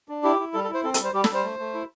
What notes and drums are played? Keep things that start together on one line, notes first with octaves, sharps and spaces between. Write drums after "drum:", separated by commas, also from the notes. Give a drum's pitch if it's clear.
D4
E4 G4
E4
G3 A4
A4
E4
C5
C4 A4
A4, drum: hi-hat
G3 C5
G3 G4
A4, drum: snare
G3 C5
A3
A3
E4